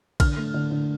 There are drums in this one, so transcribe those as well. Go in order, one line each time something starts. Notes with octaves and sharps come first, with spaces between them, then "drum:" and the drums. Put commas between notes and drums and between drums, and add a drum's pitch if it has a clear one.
D3 F6, drum: kick A#1, cymbal
A3
D3
D3